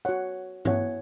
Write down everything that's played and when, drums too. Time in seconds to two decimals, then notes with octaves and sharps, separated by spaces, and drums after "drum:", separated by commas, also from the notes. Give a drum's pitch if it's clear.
0.05 F#4 C#5 F#5
0.65 E4 C#5 F#5, drum: tom G2